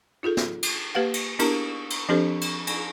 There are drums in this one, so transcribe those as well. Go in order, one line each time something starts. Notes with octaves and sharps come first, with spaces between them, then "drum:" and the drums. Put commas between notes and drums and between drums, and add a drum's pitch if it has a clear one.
D#4 F4 G#4 A4
drum: snare
drum: cymbal
A#3 G4 B4 F5 F#5
drum: cymbal
B3 D4 E4 G4 A#4 A#5, drum: cymbal
drum: cymbal
F3 C4 D4 G4 A4 C5
drum: cymbal
drum: cymbal